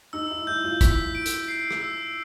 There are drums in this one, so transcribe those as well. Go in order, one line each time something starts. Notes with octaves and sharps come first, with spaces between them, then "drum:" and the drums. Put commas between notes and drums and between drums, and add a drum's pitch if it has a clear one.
D#4 E6
E4
E4 G6
F4
E4 B6, drum: kick, hi-hat
D7
drum: hi-hat
C7
drum: rim click
E6